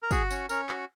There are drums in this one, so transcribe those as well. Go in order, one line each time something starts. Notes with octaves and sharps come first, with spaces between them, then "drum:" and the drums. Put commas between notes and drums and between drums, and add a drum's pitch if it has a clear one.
A#4
F#4 G#4, drum: kick, tambourine
C#4, drum: tambourine
C#4 A#4, drum: tambourine
F#4, drum: clap